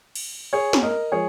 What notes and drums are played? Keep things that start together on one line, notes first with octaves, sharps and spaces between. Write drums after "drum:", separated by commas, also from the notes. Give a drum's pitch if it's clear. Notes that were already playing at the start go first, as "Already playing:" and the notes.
drum: cymbal
G#4 C#5
drum: snare
A#4 D#5
F3 G#3 G#4 C#5